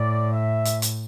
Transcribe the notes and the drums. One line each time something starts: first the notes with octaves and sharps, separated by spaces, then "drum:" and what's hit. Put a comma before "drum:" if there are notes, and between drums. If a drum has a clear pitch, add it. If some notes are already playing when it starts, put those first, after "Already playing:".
Already playing: A2 D5
E5
drum: hi-hat
drum: hi-hat